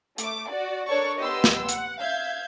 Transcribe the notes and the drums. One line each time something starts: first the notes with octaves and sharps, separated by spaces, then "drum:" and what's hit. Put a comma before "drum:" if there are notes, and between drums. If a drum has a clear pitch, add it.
A3 D6, drum: hi-hat
F#4 D5
D4 A4 A#4 C#5 D5 C#6
B3 G4 D#5 C6 E6
drum: snare
F#5, drum: hi-hat
E5 F5 G6 G#6